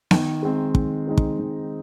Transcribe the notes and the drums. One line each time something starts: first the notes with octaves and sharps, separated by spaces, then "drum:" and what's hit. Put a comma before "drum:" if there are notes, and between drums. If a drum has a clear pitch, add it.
D#3, drum: snare B3
G#3 C4 D#4
D#3, drum: kick
G#3 C4 D#4
drum: kick
D#3